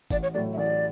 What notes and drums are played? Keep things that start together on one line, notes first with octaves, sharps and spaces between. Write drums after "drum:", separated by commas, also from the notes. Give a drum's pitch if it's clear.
A1 D5, drum: kick, tambourine
C#5
A2 F#3 A3 D5
E5
A1 D5